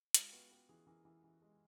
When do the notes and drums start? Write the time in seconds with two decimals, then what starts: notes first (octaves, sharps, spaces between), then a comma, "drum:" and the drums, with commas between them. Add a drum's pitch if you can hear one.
0.14 G#3 F4, drum: hi-hat
0.29 G4
0.33 B3 F#4
0.51 B3 G4
0.68 E3 G#4
0.87 E3 A#4
1.05 E3
1.24 E3
1.42 G#3